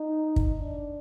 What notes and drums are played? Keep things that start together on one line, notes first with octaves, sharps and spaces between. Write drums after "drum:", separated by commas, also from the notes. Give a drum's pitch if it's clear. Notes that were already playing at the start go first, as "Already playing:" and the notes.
Already playing: D#4
drum: kick
D4